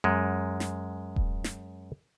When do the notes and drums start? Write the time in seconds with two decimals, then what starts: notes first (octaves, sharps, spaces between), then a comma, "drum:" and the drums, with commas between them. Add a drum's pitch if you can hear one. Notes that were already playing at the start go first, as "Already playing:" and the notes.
0.04 F#2 G#3
0.60 drum: snare
1.16 drum: kick D#1
1.44 drum: snare